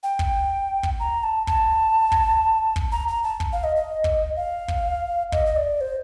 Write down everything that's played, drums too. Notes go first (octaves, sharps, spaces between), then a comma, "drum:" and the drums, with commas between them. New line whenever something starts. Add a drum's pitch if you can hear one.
G5
drum: kick
drum: kick
A#5
A5
A5, drum: kick
drum: kick
drum: kick
A#5
A#5
A5
drum: kick
F5
D#5
D#5
drum: kick
F5
drum: kick
D#5, drum: kick
D#5
D5
C5